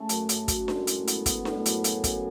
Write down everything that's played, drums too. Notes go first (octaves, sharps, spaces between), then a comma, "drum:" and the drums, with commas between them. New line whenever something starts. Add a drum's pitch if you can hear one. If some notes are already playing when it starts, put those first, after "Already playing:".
Already playing: C#3 A3
F#2, drum: hi-hat
F#2, drum: hi-hat
F#2, drum: kick, hi-hat
G#3, drum: snare D4
A2, drum: hi-hat
B3, drum: hi-hat
B3, drum: kick, hi-hat
A2, drum: snare D4
F#2, drum: hi-hat
C#3, drum: hi-hat
C#3, drum: kick, hi-hat